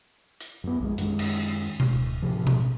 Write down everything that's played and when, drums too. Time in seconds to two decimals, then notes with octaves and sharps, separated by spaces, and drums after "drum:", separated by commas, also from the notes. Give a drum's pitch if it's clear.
0.41 drum: hi-hat
0.64 F#2 B3
0.80 A#1 F#2 F#3 G#3
0.98 F#2 D#3 G#3, drum: hi-hat
1.19 drum: cymbal
1.80 drum: tom B2
1.91 D1
2.22 A1 C3 F3
2.47 drum: tom B2